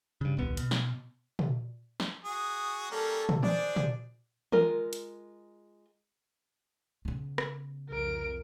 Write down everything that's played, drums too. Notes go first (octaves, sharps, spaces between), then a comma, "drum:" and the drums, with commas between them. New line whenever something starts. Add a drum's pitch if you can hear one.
G2 C#3
D#1 C2 B3
B2, drum: hi-hat
drum: snare
drum: tom
drum: snare
F#4 G#4 D#6
G3 A#3 C#4 A4
drum: tom
D4 G#4 C5 D5, drum: tom D#3
drum: tom
G#3 F4 A#4, drum: tom D#3
drum: hi-hat
C#3 B3
drum: rim click
C2 F2 A#4 D7